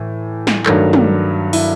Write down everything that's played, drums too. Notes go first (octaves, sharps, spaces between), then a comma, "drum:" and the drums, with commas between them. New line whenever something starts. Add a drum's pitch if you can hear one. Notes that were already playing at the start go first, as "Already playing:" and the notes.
Already playing: A2 E3
drum: snare
G2 D#3 F#3 A3, drum: clap
drum: tom
E4, drum: open hi-hat